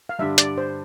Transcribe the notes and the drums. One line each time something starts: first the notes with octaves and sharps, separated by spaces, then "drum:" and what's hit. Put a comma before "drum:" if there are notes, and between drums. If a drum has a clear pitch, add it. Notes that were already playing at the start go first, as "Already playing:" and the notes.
F5
G2 D3 G3 D4 E5
D5, drum: hi-hat
C5